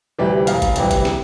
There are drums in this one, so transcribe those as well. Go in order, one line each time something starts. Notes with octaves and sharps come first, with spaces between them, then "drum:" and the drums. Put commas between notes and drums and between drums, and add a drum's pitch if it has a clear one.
D2 C3 E3 G3 G4
E1 F5, drum: hi-hat
drum: kick, hi-hat
D2 C3 E3 G3, drum: hi-hat
drum: kick, hi-hat
drum: snare